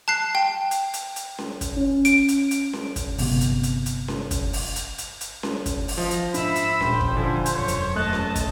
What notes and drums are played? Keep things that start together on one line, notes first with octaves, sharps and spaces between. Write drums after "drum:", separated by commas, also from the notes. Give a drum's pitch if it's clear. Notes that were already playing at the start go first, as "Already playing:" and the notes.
A5 F#6 C7
G5
drum: hi-hat
drum: hi-hat
drum: hi-hat
drum: snare C#4
drum: kick, hi-hat
C#4
D7, drum: hi-hat
drum: hi-hat
drum: hi-hat
drum: snare C#4
drum: kick, hi-hat
G1 C3 B3, drum: open hi-hat
drum: hi-hat
drum: hi-hat
drum: hi-hat
drum: snare C#4
drum: kick, hi-hat
drum: open hi-hat
drum: hi-hat
drum: hi-hat
drum: hi-hat
drum: snare C#4
drum: kick, hi-hat
drum: open hi-hat
F3 D#5
drum: hi-hat
G#2 D4 E5 B5 E6, drum: hi-hat
drum: hi-hat
D#1 A#2 G4 C5, drum: snare C#4
drum: kick
D3 F3 C5 G#5
drum: hi-hat
E1 F#2 C#5
drum: hi-hat
A3 D#5 A5 F#6
drum: snare C#4
drum: kick, hi-hat